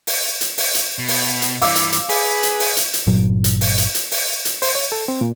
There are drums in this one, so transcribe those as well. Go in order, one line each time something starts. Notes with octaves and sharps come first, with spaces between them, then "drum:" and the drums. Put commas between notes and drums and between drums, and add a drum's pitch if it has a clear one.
drum: open hi-hat
drum: hi-hat
drum: open hi-hat
drum: hi-hat
B2
drum: open hi-hat
drum: hi-hat
G2 E3 F5 D6 E6, drum: open hi-hat
drum: hi-hat
drum: hi-hat
G#4 B4, drum: open hi-hat
drum: hi-hat
drum: open hi-hat
drum: hi-hat
drum: hi-hat
G1 A#2 F#3
drum: hi-hat
drum: open hi-hat
drum: hi-hat
drum: hi-hat
drum: open hi-hat
drum: hi-hat
C5, drum: open hi-hat
C#5
A4
C4
A#2